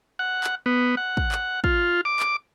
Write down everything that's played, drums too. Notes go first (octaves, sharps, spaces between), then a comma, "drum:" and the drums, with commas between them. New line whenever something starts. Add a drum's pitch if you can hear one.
F#5
drum: clap
B3
F#5
drum: kick
drum: clap
F4, drum: kick
D6
drum: clap